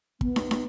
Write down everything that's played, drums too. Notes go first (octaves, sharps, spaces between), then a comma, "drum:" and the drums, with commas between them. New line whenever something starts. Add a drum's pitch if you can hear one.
B3, drum: kick
drum: snare
drum: snare